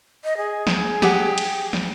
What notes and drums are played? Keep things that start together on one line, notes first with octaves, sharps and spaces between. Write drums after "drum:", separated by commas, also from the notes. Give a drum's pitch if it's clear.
D#5
G#4
drum: snare
G4 F#5, drum: snare
drum: cymbal
drum: snare